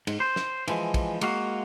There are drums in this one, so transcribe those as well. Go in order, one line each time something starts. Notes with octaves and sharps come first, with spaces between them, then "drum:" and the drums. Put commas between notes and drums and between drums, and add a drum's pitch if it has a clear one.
G#2, drum: cymbal
C5
drum: snare
E3 F3 G#3, drum: cymbal
drum: kick, cymbal
G#3 A#3 F#4 F5, drum: cymbal